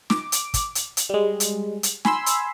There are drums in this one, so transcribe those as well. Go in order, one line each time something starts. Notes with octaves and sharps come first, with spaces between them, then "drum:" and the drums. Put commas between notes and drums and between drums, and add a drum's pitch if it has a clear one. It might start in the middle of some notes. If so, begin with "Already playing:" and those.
D6, drum: snare
drum: hi-hat
drum: kick, hi-hat
drum: hi-hat
drum: hi-hat
G3 G#3
drum: hi-hat
drum: hi-hat
G#5 B5 C6 E6, drum: snare
drum: hi-hat